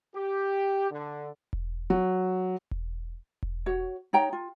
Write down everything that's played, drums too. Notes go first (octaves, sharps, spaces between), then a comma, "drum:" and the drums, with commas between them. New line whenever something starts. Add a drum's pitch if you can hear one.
G4
D3
drum: kick E1
F#3
drum: kick E1
drum: kick E1
F#4 C#5
D#4 C#5 G5 A#5
F4